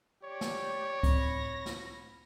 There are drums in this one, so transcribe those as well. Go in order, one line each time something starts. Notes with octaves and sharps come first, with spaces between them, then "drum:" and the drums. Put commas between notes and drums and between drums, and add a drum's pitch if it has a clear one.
G4 C#5 D5
drum: snare
A2 C4 B5 A#6, drum: kick C#2, hi-hat
drum: snare